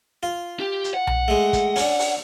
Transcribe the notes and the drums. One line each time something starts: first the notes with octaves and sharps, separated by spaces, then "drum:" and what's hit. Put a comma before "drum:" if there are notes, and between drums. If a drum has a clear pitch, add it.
F4
G4
drum: hi-hat
F#5
drum: tom B1
G#3 A3
drum: kick, hi-hat
C#4 D4, drum: open hi-hat
drum: open hi-hat